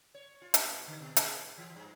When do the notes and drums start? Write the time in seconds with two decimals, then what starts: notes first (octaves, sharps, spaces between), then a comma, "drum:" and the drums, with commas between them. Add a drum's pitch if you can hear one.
0.15 C#5
0.42 F4
0.54 G4, drum: hi-hat
0.67 A2
0.88 D3
1.00 B2
1.16 G#4, drum: hi-hat
1.36 A2
1.58 E3
1.76 G2